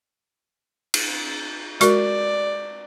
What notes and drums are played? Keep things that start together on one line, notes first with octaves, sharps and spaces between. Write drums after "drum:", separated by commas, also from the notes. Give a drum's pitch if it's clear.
drum: cymbal
G#3 F#4 A#4 D5, drum: hi-hat